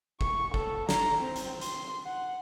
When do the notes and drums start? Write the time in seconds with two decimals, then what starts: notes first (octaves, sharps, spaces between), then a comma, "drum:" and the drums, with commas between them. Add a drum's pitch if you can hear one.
0.21 C#6, drum: kick
0.54 A4, drum: kick
0.89 A#5, drum: snare
1.21 C4
1.36 drum: hi-hat
1.61 C6, drum: hi-hat
2.06 F#5